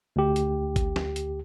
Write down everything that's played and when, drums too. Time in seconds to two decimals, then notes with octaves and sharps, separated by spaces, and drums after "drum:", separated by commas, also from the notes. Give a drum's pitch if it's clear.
0.16 D2 G4
0.36 drum: hi-hat
0.76 drum: kick G#1, hi-hat
0.96 drum: snare
1.16 drum: hi-hat